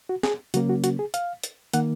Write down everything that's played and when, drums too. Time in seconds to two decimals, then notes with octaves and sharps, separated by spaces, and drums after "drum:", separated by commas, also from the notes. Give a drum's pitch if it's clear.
0.09 F#4
0.23 G#4, drum: snare
0.54 C#3 F#3 A#3 C#4 F#4, drum: hi-hat
0.69 F#4
0.84 F#4, drum: hi-hat
0.99 G#4
1.14 F5, drum: hi-hat
1.43 drum: hi-hat
1.73 D#3 A#3 F#5, drum: hi-hat